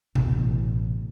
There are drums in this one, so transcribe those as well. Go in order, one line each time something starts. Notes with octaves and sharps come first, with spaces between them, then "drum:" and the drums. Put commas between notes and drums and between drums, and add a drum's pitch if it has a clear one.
A1 B2, drum: tom C3